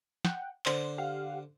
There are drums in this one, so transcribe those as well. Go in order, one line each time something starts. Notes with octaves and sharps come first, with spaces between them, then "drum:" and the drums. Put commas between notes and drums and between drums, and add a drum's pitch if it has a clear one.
F#5 G5, drum: snare
D3 C5 C6, drum: clap
G4 F5 F#5